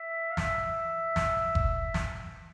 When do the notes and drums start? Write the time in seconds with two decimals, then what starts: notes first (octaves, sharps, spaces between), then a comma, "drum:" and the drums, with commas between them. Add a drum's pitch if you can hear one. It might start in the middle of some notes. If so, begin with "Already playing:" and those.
Already playing: E5
0.30 F5
0.37 E5, drum: snare
1.16 drum: snare
1.55 drum: kick F#1
1.94 drum: snare